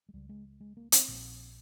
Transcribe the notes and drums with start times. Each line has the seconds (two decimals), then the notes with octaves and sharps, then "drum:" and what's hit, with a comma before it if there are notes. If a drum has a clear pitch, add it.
0.09 G#3
0.13 C#2 C#3 G3
0.29 G#3
0.61 G#3
0.77 A#3
0.92 C4, drum: hi-hat
1.08 A#1 A#2